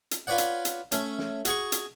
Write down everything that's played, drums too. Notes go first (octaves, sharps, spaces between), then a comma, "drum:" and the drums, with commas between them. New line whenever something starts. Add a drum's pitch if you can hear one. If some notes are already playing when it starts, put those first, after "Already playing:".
drum: hi-hat
F4 B4 C#5 D5 F#5
drum: hi-hat
drum: hi-hat
A3 C#4, drum: hi-hat
drum: snare
F#4 G#4 C#6, drum: hi-hat
drum: hi-hat